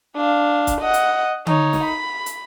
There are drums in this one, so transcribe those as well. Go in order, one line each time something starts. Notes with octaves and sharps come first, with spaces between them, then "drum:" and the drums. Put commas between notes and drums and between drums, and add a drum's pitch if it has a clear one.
D4 F5
drum: kick C#1, hi-hat
D#5 F#5
drum: hi-hat
D#4 C#5, drum: tom D3
drum: snare
B5
drum: hi-hat